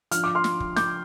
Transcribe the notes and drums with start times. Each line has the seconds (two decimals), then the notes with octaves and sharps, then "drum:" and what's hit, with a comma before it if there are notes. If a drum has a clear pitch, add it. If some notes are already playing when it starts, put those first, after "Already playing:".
0.11 F3 D4 F6, drum: hi-hat
0.24 D6
0.35 C6 F6
0.44 drum: snare
0.60 drum: kick
0.76 D6 G6, drum: snare